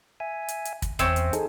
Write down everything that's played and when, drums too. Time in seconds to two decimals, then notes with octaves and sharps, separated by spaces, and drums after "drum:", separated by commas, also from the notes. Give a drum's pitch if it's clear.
0.20 E5 G#5
0.48 drum: hi-hat
0.65 drum: hi-hat
0.82 drum: kick, hi-hat
0.99 E2 C4 C#4 E5, drum: kick, hi-hat
1.16 drum: hi-hat
1.33 D#4 G#4 A4, drum: hi-hat